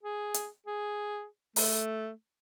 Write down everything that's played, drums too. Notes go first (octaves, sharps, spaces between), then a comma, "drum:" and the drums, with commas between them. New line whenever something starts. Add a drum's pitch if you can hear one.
G#4
drum: hi-hat
G#4
A3, drum: open hi-hat